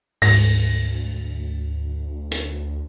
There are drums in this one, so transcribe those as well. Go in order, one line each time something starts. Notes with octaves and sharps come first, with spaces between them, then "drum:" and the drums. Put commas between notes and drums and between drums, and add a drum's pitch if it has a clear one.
D2 G#2 A#6, drum: open hi-hat
drum: hi-hat